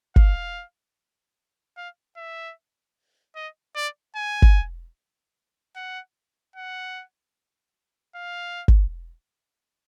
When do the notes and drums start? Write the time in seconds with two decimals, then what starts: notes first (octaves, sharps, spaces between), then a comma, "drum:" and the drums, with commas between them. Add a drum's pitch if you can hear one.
0.16 F5, drum: kick
1.77 F5
2.17 E5
3.36 D#5
3.76 D5
4.16 G#5
4.42 drum: kick
5.76 F#5
6.56 F#5
8.15 F5
8.68 drum: kick